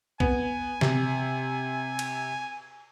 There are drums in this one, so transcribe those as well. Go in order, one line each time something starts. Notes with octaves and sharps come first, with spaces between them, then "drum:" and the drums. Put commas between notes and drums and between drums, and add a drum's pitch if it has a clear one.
B3 G#5, drum: kick
C3, drum: snare
drum: cymbal